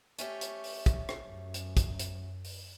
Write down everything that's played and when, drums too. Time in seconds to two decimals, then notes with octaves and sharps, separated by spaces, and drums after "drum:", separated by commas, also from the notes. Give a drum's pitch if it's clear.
0.18 A3 C#4 G4, drum: hi-hat
0.41 drum: hi-hat
0.64 drum: open hi-hat
0.86 drum: kick, hi-hat
1.09 drum: rim click
1.24 F#2
1.54 drum: hi-hat
1.77 drum: kick, hi-hat
1.99 drum: hi-hat
2.44 drum: open hi-hat